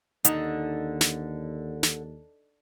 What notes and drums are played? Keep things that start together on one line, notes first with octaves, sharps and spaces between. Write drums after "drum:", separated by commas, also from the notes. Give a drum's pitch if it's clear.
D#2 D3 D#4, drum: hi-hat
drum: snare
drum: snare